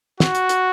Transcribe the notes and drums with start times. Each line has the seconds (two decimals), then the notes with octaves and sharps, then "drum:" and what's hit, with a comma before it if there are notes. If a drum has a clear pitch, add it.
0.20 F#4, drum: snare
0.35 drum: hi-hat
0.49 drum: hi-hat